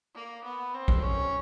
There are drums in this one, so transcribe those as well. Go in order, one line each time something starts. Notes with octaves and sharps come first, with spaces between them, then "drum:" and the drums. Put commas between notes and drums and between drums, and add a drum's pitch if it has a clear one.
A#3
B3
C4
drum: kick
C#4